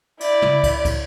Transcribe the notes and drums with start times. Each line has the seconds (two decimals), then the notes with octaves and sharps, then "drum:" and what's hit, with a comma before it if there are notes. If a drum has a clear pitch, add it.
0.21 E4 D5, drum: cymbal
0.42 drum: tom
0.63 drum: kick, cymbal
0.85 drum: kick, cymbal